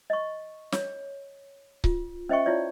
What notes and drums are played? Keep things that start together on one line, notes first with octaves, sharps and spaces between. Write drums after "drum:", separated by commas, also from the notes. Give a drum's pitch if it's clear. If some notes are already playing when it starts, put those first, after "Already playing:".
D#5 C#6
C#5, drum: snare
F4, drum: kick C#1
C#4 C5 D#5 E5 G5 C#6
E4 F4 C#5 D5